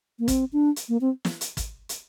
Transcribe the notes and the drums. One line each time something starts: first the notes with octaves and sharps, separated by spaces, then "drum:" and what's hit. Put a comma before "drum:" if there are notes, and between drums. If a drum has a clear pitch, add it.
A#3
C4, drum: kick, hi-hat
D4
drum: hi-hat
A#3
C4
drum: snare
drum: hi-hat
drum: kick, hi-hat
drum: hi-hat